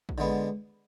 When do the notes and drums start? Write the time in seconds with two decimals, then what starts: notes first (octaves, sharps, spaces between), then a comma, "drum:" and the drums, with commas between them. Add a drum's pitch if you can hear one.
0.09 drum: kick
0.18 D3 G#3 B3